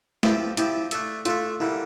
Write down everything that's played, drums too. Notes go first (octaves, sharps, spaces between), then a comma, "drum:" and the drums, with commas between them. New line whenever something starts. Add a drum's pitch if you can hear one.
F3 C4 E4 G4 D5 F5, drum: snare
F3 C4 E4 G4 D5 F5, drum: hi-hat
A3 D4 A4 E5, drum: hi-hat
A3 D4 F4 A4 E5, drum: hi-hat
D3 G3 A#3 E4